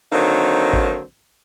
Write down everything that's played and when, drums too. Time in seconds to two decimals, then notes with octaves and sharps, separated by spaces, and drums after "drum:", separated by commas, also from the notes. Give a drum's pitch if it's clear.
0.12 D3 D#3 F#3 A#3 C4 D#4
0.73 drum: kick